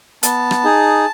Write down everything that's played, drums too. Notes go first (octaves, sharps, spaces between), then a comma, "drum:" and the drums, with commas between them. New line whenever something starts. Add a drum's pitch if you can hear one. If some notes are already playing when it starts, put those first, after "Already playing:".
B3 A5, drum: hi-hat
drum: rim click
D#4 G#4